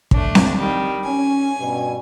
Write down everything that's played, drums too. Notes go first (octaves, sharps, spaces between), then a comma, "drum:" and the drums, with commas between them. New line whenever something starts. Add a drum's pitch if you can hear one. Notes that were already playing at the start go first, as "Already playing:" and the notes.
A3 D4, drum: kick
drum: snare C4
D#3 G3
C#4 G#5
G2 B2